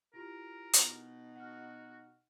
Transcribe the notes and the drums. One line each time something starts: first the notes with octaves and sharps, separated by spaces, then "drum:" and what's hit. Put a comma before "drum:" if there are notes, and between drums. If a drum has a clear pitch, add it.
E4 F4 G4 A#4
B2 D#4, drum: hi-hat
F#4 F#5 F6